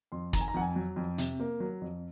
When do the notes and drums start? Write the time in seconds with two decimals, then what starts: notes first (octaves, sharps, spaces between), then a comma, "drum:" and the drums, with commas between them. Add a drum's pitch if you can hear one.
0.12 F2 C6
0.33 D#3 A#5, drum: kick, hi-hat
0.41 G#5
0.48 A#5
0.54 F2 F#5
0.61 G#5
0.76 F#3
0.96 F2
1.18 C3, drum: hi-hat
1.40 A#3
1.60 F#3
1.81 F2